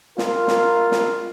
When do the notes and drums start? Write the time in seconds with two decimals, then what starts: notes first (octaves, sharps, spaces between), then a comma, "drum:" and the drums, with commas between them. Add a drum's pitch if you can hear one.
0.18 F4 A#4, drum: snare
0.48 drum: snare
0.92 drum: snare